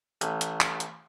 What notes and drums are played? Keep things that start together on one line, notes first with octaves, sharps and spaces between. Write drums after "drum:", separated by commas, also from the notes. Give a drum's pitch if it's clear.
A1, drum: hi-hat
drum: hi-hat
drum: clap
drum: hi-hat